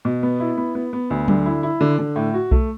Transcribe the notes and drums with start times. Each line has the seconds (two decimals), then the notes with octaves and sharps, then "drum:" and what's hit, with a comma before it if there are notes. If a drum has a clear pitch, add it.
0.05 B2
0.23 B3
0.40 E4
0.57 B3
0.75 B3
0.93 B3
1.10 D2
1.28 D3, drum: tom F#3
1.46 E4
1.63 E4
1.81 D3
1.98 D3
2.16 A2
2.34 F#4
2.51 A3, drum: kick B1